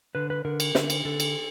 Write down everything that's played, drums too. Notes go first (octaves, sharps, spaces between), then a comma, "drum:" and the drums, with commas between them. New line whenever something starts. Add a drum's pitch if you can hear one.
D3 B4
B4
D3 A#4
drum: cymbal
D3, drum: snare
drum: cymbal
D3 A4
drum: cymbal